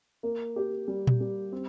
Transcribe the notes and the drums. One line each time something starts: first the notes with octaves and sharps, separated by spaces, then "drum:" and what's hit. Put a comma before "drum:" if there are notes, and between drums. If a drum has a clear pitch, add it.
A#3
G4
G3
drum: tom A#2
G3
C4